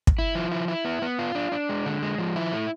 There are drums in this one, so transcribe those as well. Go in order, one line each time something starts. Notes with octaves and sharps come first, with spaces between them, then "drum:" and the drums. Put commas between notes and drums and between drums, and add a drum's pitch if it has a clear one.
drum: kick
E4
F3
E4
E4
B3
B3
F4
D4
D4
G#3
D3
G#3
F3
E4
A3